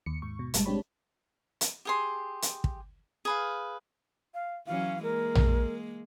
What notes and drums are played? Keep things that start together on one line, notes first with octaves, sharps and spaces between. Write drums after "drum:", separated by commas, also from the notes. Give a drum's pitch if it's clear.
D#2 C#7
G#2 C#6
B2
G1 A#2 G3 G#3 A5, drum: hi-hat
G#3 C4 D4 G4 C#5 B5
drum: hi-hat
G4 G#4 C6
drum: hi-hat
drum: kick
G#4 B4 F5
F5
E3 F#3 C#4 F5
G#3 A#3 A#4
drum: tom A#1